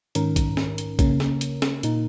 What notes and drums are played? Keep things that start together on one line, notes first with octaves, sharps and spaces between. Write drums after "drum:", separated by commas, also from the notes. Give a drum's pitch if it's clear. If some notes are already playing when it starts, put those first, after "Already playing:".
G#2 D#3 C#4 A#4, drum: hi-hat
drum: kick A#1, hi-hat
drum: snare
drum: hi-hat
C#3 A#3 C#4 A#4, drum: kick A#1, hi-hat
drum: snare
drum: hi-hat
drum: snare
A#2 A#3 D#4 A#4, drum: hi-hat